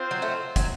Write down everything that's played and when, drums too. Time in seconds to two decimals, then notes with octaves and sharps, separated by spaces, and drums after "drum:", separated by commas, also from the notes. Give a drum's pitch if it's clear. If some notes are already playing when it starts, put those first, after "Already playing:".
Already playing: C4 F4 C5
0.11 F#3
0.22 A3
0.56 F#3, drum: kick, hi-hat